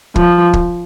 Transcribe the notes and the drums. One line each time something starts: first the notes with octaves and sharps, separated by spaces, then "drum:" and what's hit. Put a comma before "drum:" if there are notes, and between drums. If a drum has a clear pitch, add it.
F3, drum: kick
drum: kick